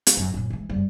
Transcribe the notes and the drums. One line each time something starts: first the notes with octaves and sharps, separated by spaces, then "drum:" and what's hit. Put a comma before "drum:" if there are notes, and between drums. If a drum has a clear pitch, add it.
drum: hi-hat
F#2
F#2 A#2
E3 G#3
F#2 G3